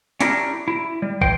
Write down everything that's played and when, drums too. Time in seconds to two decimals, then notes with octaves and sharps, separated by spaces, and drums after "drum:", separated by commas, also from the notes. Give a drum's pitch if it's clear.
0.20 C#4 D4 E4 G4 A#4, drum: hi-hat
0.68 E4
1.02 G3
1.21 E3 C5 G5, drum: kick